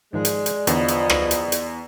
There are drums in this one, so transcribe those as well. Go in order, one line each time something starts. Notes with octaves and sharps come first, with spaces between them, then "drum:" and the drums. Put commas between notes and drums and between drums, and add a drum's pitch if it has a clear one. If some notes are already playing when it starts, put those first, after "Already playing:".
G#2 D#3 F3 G#3 D5
drum: hi-hat
drum: hi-hat
E2 D3 F3 B3 A#4 C#5 D#5, drum: hi-hat
drum: hi-hat
drum: rim click
drum: hi-hat
drum: hi-hat